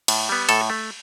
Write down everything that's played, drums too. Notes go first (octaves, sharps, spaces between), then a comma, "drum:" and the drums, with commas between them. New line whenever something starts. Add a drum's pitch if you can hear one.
A2, drum: cymbal
G3 B3
A2 A4, drum: cymbal
A3